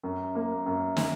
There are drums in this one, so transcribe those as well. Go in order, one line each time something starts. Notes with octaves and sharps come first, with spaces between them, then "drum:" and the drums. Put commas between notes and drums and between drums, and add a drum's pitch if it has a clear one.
F#2
A#3
F#2
drum: snare